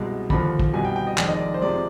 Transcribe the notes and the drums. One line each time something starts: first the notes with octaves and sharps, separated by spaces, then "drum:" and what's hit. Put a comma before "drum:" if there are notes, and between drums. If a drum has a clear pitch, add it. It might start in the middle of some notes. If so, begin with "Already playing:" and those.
Already playing: C2 B2 G#3
D#2 D3 F3 B5, drum: kick
drum: kick
C2 B2 G3 G#5
G5
G5
D#5
F1 F2 D#3 G#3 D5, drum: clap
D#5
D5
C5
C3 F3 G#3 D5